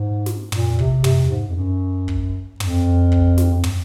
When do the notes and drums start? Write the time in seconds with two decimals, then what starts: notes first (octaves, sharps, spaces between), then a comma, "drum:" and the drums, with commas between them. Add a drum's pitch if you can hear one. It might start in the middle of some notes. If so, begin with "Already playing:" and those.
Already playing: G#2
0.26 drum: snare
0.52 A#2, drum: tom
0.79 C3, drum: kick
1.04 C3, drum: tom
1.30 G#2
1.49 F2
1.56 F#2
2.08 drum: kick
2.60 F2, drum: tom
3.12 drum: kick
3.38 drum: snare
3.54 F2
3.64 drum: tom